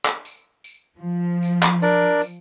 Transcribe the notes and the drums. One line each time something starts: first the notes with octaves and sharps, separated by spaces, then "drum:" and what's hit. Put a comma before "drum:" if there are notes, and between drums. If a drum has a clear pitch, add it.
drum: clap
drum: tambourine
drum: tambourine
F3
drum: tambourine
drum: clap
D4 A#4 D5, drum: tambourine
drum: tambourine